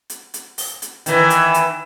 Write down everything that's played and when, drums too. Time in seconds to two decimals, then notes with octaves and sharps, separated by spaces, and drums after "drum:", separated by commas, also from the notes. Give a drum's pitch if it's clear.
0.10 drum: hi-hat
0.34 drum: hi-hat
0.58 drum: open hi-hat
0.82 drum: hi-hat
1.06 D#3 E3, drum: hi-hat
1.30 drum: hi-hat
1.54 drum: hi-hat